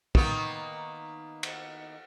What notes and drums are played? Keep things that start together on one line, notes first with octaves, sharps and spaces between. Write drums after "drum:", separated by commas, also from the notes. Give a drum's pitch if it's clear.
D#3 A#3 B3, drum: kick
drum: cymbal